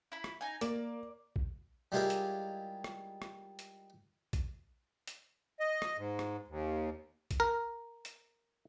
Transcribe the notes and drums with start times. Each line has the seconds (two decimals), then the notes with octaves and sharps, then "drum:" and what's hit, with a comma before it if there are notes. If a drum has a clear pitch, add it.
0.12 E4 B5
0.24 drum: rim click
0.41 D#4 G#5
0.61 A#3 D5, drum: hi-hat
1.36 drum: kick A#1
1.92 G3 G#3 E4 F4 G4 A#4
2.10 drum: hi-hat
2.84 drum: rim click
3.22 drum: rim click
3.59 drum: hi-hat
4.33 drum: kick A#1, hi-hat
5.07 drum: hi-hat
5.60 D#5
5.82 drum: rim click
5.97 G#2
6.19 drum: rim click
6.48 D#2
7.31 drum: kick A#1, hi-hat
7.40 A#4
8.05 drum: hi-hat